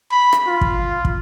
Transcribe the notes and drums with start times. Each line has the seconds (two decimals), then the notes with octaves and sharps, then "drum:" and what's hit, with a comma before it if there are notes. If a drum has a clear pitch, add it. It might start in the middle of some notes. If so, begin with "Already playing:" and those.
0.12 B5
0.33 drum: rim click
0.47 F4
0.61 drum: kick
1.05 drum: kick